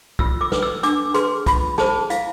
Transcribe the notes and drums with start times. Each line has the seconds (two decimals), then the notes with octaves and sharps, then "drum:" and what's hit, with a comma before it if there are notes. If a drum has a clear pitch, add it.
0.19 F4 E6, drum: kick
0.41 D6
0.52 B4, drum: snare
0.63 E6
0.83 D4 D6, drum: hi-hat
1.14 G#4 B4 C6, drum: hi-hat
1.46 F4 B5, drum: kick, hi-hat
1.78 G#4 C5 A5, drum: snare
2.10 E4 F5, drum: hi-hat